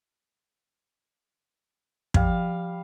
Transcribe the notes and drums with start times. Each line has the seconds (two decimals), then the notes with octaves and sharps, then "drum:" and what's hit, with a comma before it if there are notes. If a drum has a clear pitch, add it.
2.14 F3 G3 F5, drum: kick